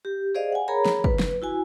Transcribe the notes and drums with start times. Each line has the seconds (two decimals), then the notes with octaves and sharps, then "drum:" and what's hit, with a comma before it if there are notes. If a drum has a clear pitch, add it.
0.05 G4
0.35 G#4 C5 D5 D#5 F5
0.52 F#5 G#5
0.68 G#4 A#4 C#5 A#5 B5
0.85 drum: snare
1.04 B4, drum: kick
1.19 drum: snare
1.42 E4 F#4 G#5